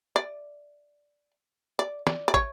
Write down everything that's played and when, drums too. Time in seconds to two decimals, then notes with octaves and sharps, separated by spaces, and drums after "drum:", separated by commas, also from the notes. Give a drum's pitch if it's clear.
0.16 D5
1.79 D5
2.07 D5, drum: snare
2.28 D5
2.34 C#5, drum: kick